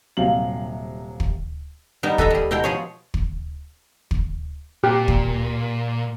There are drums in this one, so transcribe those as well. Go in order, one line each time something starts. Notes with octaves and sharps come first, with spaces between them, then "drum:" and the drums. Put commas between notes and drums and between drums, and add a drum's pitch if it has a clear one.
D#1 C3 F#3 F5 F#7
drum: kick
G3 B3 D#4
A4 B4 D#5 E5 A#5, drum: kick
G3 G#4
B2 E4 G5 A#5 C6
F3 G#4 C#5
drum: kick
drum: kick
A#2 G4
drum: kick